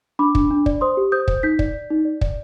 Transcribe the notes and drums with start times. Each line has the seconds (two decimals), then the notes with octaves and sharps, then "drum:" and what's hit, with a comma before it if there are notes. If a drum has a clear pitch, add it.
0.19 D4 B5 D6
0.35 D4, drum: kick
0.51 D4
0.66 D5, drum: kick
0.81 C5 C6 D#6
0.97 G4
1.12 C5 D#6 G6
1.28 C5, drum: kick
1.43 D#4 G6 B6
1.59 D5, drum: kick
1.74 D5
1.90 D#4
2.05 D5
2.21 D5, drum: kick